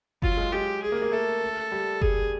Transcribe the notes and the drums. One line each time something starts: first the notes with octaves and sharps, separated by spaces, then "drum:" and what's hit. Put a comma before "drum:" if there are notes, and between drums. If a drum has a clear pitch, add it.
F#3 F4, drum: kick F#1
G#3
G#3 G4
G#4
A#3
A#3
A3 A4
G3
G#4, drum: kick F#1